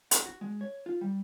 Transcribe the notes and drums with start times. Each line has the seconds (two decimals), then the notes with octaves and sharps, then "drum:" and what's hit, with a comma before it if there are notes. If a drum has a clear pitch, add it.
0.11 F#5, drum: hi-hat
0.26 F#4
0.41 G#3
0.61 C#5
0.86 F4
1.01 G3